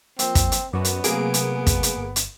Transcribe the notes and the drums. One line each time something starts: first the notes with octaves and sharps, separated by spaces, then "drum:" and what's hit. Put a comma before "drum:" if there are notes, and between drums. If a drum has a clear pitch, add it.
F3 A#3 C4, drum: hi-hat
drum: kick, hi-hat
drum: hi-hat
F#2 B3 F#4 D5
drum: hi-hat
C3 F#3 A3 A#3 G#4 D7, drum: hi-hat
drum: hi-hat
drum: kick, hi-hat
drum: hi-hat
G1
drum: hi-hat